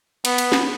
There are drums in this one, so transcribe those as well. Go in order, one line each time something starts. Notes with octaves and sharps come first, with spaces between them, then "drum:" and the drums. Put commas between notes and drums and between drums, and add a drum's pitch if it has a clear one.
B3, drum: cymbal
drum: cymbal
drum: snare